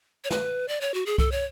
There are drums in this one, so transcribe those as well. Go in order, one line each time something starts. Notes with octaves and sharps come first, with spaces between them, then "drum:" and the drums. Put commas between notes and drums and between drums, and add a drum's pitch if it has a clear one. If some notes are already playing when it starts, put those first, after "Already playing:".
C#5
B4, drum: snare
D5
C#5
F#4
G#4
A4, drum: kick C2
C#5